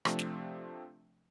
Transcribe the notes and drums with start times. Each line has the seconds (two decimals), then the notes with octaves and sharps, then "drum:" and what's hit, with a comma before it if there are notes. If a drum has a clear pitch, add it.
0.05 C3 F3 A3 C4 D4, drum: rim click
0.19 drum: snare